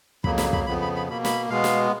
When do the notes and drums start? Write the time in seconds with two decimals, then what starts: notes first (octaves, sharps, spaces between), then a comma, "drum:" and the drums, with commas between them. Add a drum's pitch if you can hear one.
0.24 F2 C#3 F#3 A#3 B5, drum: kick
0.38 B5, drum: snare
0.53 B5, drum: kick
0.66 F2 C#3 F3 B3 B5
0.81 B5
0.96 B5
1.08 B2 A#3 B5
1.25 B5, drum: snare
1.50 B2 G#3 B3 F5
1.64 drum: snare